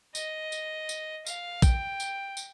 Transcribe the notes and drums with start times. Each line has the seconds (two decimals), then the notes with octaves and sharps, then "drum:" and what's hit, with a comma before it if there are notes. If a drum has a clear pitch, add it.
0.15 D#5, drum: tambourine
0.52 drum: tambourine
0.89 drum: tambourine
1.27 F5, drum: tambourine
1.62 G5, drum: kick A#1, tambourine
2.00 drum: tambourine
2.37 drum: tambourine